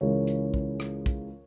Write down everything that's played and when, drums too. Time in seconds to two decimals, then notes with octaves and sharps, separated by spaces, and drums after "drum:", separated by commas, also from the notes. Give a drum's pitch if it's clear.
0.01 C#2 C#3 E3 G#3 A#4 C#5
0.27 drum: hi-hat
0.54 drum: kick
0.80 drum: rim click
1.06 drum: kick, hi-hat